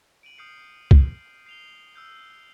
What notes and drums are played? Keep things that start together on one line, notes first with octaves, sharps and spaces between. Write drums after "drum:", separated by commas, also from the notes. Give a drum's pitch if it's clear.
D7 D#7 F#7
D#6 F6 G6 C7 C#7
drum: kick
C7 F7 G7
E6 F6 G6